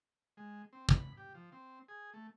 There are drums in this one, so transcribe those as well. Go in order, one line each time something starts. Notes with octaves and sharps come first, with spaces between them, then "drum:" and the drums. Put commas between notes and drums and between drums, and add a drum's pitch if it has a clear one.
G#3
C4
B5, drum: kick
G4
F3
C4
G#4
A3